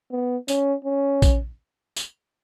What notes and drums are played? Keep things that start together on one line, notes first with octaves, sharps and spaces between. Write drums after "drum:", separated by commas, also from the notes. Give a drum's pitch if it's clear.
B3
C#4, drum: tambourine
C#4
drum: kick A#1, tambourine
drum: tambourine